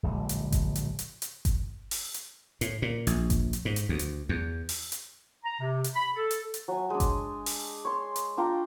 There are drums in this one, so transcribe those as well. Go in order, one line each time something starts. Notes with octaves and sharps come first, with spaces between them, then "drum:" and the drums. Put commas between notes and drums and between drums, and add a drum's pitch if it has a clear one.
D1 A#1 D3 G#3
drum: hi-hat
drum: kick G1, hi-hat
drum: hi-hat
drum: hi-hat
drum: hi-hat
drum: kick G1, hi-hat
drum: open hi-hat
drum: hi-hat
A2, drum: hi-hat
A#2
A#1, drum: hi-hat
drum: kick G1, hi-hat
drum: hi-hat
G#2
drum: hi-hat
D2
drum: hi-hat
E2
drum: open hi-hat
drum: hi-hat
A#5
C3
drum: hi-hat
B5
A4
drum: hi-hat
drum: hi-hat
F#3 G#5
G#3 D4
drum: kick G1, hi-hat
drum: open hi-hat
C#5 C6
drum: hi-hat
D4 F4 G5 A#5